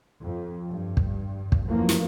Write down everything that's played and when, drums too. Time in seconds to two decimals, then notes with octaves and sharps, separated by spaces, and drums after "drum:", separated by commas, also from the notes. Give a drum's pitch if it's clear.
0.23 F2
0.69 G2
0.97 drum: kick
1.52 drum: kick
1.67 F#2 E3 F3 A#3
1.89 drum: snare